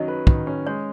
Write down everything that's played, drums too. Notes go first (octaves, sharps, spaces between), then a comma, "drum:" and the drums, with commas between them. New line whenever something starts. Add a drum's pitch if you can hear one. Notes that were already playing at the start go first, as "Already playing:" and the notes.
Already playing: D#3 F#3 C#4 D#5
B4
D#3, drum: kick
C#4
G#3 C#5